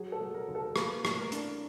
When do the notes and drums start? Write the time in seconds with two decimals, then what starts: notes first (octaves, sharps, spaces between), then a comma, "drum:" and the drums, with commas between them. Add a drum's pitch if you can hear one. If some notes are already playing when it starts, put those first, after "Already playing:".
Already playing: F#3 G#4
0.12 A4
0.21 F#3
0.34 A#4
0.48 D#2
0.55 A4
0.76 A#3 B4, drum: rim click
1.05 A2, drum: rim click
1.19 A#4
1.32 D4, drum: hi-hat